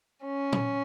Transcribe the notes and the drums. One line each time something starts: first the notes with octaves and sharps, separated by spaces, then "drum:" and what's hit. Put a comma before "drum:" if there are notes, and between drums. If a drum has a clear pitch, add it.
C#4
drum: tom